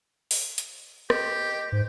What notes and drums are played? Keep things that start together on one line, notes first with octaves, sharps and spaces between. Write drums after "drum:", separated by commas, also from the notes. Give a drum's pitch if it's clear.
drum: open hi-hat
drum: hi-hat
G4 D#5, drum: rim click
G#2 C5